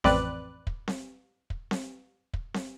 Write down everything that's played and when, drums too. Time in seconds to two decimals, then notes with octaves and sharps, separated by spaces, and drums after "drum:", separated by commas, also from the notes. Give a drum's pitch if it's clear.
0.04 A1 F2 C4 B4 D5 F#6, drum: snare C4
0.67 drum: kick
0.88 drum: snare C4
1.50 drum: kick
1.71 drum: snare C4
2.33 drum: kick
2.54 drum: snare C4